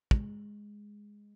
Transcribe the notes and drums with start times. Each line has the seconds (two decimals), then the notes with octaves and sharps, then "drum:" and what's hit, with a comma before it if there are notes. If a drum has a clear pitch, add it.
0.11 G#3, drum: kick